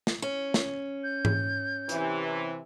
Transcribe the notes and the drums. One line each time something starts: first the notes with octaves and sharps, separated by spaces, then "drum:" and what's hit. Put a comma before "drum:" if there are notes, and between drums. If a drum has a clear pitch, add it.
drum: snare
C#4
drum: snare
G6
drum: tom G#2
C3 E3, drum: hi-hat